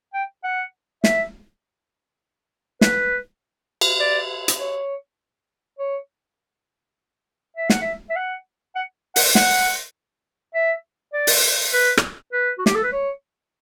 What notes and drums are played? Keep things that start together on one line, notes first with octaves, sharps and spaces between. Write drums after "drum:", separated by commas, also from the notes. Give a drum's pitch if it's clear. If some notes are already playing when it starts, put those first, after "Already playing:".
G5
F#5
E5, drum: snare
B4, drum: snare
drum: cymbal
D5
drum: hi-hat
C#5
C#5
E5
F#5, drum: snare
E5
E5
F#5
F#5
F#5, drum: open hi-hat
F#5, drum: snare
E5
D5
drum: open hi-hat
B4
drum: rim click
B4
F#4
G4, drum: snare
A4
B4
C#5